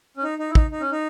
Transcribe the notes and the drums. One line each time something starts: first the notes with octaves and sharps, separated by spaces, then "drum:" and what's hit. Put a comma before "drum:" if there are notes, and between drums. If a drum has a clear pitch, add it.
C#4
D#4
D#4
E4
D#4, drum: kick
D#4
C#4
D#4